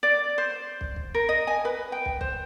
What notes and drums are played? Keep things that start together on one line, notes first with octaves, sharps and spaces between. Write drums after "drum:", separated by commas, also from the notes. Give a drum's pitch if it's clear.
D5
C5
drum: kick
drum: kick
A#4
D#5
G#5
B4
G5
drum: kick
C5, drum: kick